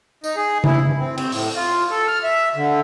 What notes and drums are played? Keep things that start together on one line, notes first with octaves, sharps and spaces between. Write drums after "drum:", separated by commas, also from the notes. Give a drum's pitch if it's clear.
D#4, drum: tambourine
G#4
E4, drum: tom C#3
G2
C4
C4, drum: cymbal
A2, drum: open hi-hat
F4
A4
F6
E5
D3